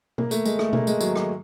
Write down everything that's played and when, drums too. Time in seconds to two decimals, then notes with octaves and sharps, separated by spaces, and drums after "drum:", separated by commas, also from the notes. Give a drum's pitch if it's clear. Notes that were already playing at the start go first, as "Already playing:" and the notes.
0.18 A#3, drum: tom B2
0.31 A3, drum: tambourine
0.45 G#3, drum: tambourine
0.59 A3, drum: rim click
0.73 A#3, drum: tom B2
0.87 G#3, drum: tambourine
1.01 F#3, drum: tambourine
1.16 F#3, drum: rim click